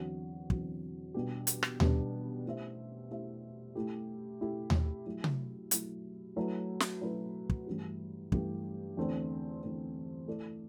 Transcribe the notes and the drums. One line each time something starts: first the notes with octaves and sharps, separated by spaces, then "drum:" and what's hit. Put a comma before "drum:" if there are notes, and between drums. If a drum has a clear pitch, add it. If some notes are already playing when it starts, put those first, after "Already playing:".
Already playing: E2 D3 F#3 C4 F#4
E2 D3 F#3 C4 F#4, drum: kick
B2 G3 B3 D4 G4
drum: hi-hat
drum: rim click
B2 G3 B3 D4 G4, drum: tom D#2
A3 E4 G4 C5 E5
A3 E4 G4 C5 E5
A3 E4 G4
A3 E4 G4
drum: tom D#2
F#3 A3 E4
drum: tom C3
F#3 A3 E4, drum: hi-hat
F#3 A3 E4 B4
drum: snare
F#3 A3 E4 B4
drum: kick
G2 E3 A3 E4 G4
G2 E3 A3 E4 G4, drum: kick
E2 D3 A3 C4
E2 D3 A3 C4
A3 E4 A4 D5